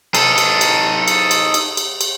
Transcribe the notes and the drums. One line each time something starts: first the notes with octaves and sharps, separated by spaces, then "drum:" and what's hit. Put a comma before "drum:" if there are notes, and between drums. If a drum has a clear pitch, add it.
D#4 A4, drum: cymbal
drum: cymbal
drum: cymbal
drum: cymbal
drum: cymbal
drum: cymbal
drum: cymbal
drum: cymbal